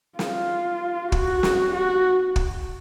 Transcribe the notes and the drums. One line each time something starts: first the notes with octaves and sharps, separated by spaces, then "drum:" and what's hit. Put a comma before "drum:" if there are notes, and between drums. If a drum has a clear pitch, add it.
F4, drum: snare
F#4, drum: kick
drum: snare
F#4
drum: kick